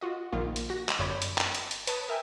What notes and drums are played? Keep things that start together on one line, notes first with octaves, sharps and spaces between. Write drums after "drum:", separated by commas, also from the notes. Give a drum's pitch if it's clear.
F4 F#4 D#5
A#1 D#3 A#3 F4
drum: hi-hat
F#4 A#6
drum: clap
G1 F#2 C#5 D5 B5 G6
drum: hi-hat
drum: clap
drum: hi-hat
drum: hi-hat
B4 C#5 A5 D#6, drum: hi-hat
A#4 E5 G5 G#5